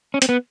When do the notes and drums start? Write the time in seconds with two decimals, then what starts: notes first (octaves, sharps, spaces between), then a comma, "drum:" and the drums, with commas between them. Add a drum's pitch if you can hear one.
0.14 C#4
0.22 C4, drum: hi-hat
0.29 B3